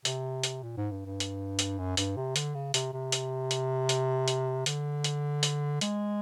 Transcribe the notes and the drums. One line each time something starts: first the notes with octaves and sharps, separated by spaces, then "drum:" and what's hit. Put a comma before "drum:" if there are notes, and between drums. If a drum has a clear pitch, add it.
C3, drum: hi-hat
drum: hi-hat
A#2
G#2
G2
G2
drum: hi-hat
drum: hi-hat
F#2
G2, drum: hi-hat
C3
D3, drum: hi-hat
C#3
C3, drum: hi-hat
C3
drum: hi-hat
drum: hi-hat
drum: hi-hat
drum: hi-hat
D3, drum: hi-hat
drum: hi-hat
drum: hi-hat
G#3, drum: hi-hat